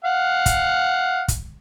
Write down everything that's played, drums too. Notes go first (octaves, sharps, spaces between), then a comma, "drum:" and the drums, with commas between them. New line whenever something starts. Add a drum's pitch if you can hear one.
F5 F#5
drum: kick, hi-hat
drum: kick, hi-hat